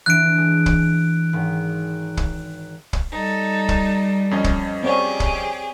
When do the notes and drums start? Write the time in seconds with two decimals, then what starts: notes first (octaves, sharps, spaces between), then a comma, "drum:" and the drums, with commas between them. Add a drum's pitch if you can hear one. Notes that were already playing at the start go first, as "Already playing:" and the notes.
0.06 E3 D4 F#6 D7
0.37 G#3
0.66 drum: kick
1.33 G#1
2.17 drum: kick
2.93 drum: kick
3.12 G3 D#4 A4
3.69 drum: kick
4.31 F2 C#4 D#5
4.44 drum: kick
4.83 C4 G4 G#4 C#5 D5
5.20 drum: kick